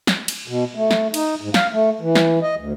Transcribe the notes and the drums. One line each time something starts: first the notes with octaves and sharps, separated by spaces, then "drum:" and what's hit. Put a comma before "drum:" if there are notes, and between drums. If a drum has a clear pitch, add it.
drum: snare
drum: cymbal
B2
A3
drum: snare
D#4, drum: cymbal
G#2
F5, drum: snare
A3
E3
drum: snare
D#5
D2